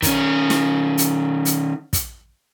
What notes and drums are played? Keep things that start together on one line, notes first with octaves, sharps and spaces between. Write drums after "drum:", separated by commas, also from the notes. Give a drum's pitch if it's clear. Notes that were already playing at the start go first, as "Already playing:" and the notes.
D#3 C#4, drum: kick, hi-hat
drum: snare
drum: hi-hat
drum: hi-hat
drum: kick, hi-hat